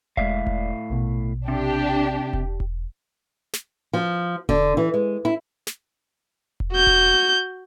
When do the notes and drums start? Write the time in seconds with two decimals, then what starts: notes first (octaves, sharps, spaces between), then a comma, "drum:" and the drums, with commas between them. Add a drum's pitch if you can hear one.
0.17 A2 G#3 D5 E5 F5, drum: kick E1
0.47 drum: kick E1
0.90 A#1 B2
1.48 C3 D4 G4
2.33 drum: kick E1
2.60 drum: kick E1
3.53 drum: snare
3.93 F3
4.49 D3, drum: kick E1
4.77 E3
4.94 G#3
5.25 E4
5.67 drum: snare
6.60 drum: kick E1
6.72 F#4 G6
6.87 drum: kick E1